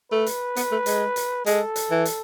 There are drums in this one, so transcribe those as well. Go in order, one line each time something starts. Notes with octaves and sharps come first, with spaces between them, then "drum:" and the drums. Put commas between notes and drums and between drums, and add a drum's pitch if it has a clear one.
A3 B4
drum: hi-hat
B3, drum: hi-hat
A3
G#3, drum: hi-hat
drum: hi-hat
G#3 A4, drum: hi-hat
drum: hi-hat
E3
drum: hi-hat